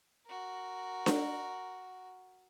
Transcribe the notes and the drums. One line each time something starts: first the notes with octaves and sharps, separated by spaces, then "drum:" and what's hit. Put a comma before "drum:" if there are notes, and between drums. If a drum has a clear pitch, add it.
F#4 A#4
drum: snare D4